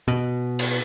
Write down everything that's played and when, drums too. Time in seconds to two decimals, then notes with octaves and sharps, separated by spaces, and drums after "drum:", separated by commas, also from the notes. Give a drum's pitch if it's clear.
0.08 B2
0.59 drum: cymbal